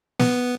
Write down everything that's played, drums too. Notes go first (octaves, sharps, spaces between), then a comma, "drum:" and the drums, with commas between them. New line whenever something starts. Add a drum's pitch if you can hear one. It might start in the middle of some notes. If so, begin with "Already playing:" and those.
B3, drum: snare